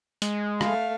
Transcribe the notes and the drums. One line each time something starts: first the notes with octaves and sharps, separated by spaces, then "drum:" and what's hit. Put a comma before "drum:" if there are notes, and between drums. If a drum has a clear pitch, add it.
G#3, drum: hi-hat
A3 F5, drum: rim click